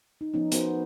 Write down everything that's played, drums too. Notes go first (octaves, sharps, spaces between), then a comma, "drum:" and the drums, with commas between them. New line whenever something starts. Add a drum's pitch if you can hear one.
D#4
F3 B3 C#4 D#4
B3 F#4 A#4 C5, drum: hi-hat